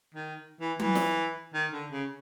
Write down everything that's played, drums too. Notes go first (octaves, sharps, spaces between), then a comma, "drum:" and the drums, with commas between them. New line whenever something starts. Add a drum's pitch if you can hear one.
D#3
E3
E3, drum: tom F#3
drum: snare
D#3
D3
C#3